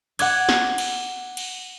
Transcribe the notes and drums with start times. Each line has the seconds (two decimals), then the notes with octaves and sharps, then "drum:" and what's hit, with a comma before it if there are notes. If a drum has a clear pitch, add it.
0.19 F#5 D6 G#6, drum: cymbal
0.49 drum: snare
0.78 drum: cymbal
1.37 drum: cymbal